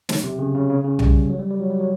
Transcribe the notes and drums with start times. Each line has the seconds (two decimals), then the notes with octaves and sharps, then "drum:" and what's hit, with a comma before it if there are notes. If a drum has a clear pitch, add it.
0.09 F#3, drum: snare
0.24 C3
0.39 C#3
0.54 C#3
0.70 C#3
0.84 C#3
0.99 G3, drum: tom B1
1.30 F#3
1.39 G3
1.50 G3
1.60 F#3
1.70 G3
1.80 F#3